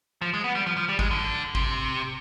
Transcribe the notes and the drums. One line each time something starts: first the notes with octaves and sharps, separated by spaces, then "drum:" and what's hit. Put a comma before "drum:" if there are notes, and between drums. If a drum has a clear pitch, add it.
F3
G#3
B3
G3
F3
F3
G3
G#3, drum: kick
D3
C3, drum: kick